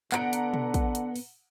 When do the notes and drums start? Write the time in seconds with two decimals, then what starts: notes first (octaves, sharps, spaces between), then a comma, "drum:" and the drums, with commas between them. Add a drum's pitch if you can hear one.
0.12 D3 B3 F#5 A#5 D7, drum: clap
0.33 drum: hi-hat
0.54 drum: tom B2
0.74 drum: kick, hi-hat
0.95 drum: hi-hat
1.16 drum: open hi-hat